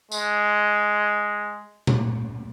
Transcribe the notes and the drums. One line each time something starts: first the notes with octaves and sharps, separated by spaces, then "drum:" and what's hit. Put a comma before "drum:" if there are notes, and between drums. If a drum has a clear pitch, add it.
G#3, drum: tambourine
drum: tom A#2